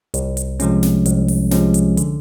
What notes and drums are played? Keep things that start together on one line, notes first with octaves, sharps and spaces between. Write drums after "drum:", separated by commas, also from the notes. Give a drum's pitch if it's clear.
C2, drum: hi-hat
drum: hi-hat
C3 F3 G#3 C#4, drum: hi-hat
drum: snare
C2, drum: hi-hat
drum: open hi-hat
C3 F3 G#3 C#4, drum: snare
drum: hi-hat
D3, drum: hi-hat